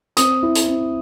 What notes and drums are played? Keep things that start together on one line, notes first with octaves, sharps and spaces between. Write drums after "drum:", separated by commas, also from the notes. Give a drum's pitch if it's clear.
C4 D#6, drum: hi-hat
E4
drum: hi-hat
C4